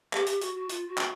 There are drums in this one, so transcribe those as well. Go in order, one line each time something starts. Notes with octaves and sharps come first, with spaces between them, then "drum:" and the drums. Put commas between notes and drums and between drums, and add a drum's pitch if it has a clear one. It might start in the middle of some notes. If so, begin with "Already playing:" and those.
G4, drum: clap
G4, drum: hi-hat
F#4, drum: hi-hat
F#4
F4, drum: hi-hat
F#4
drum: clap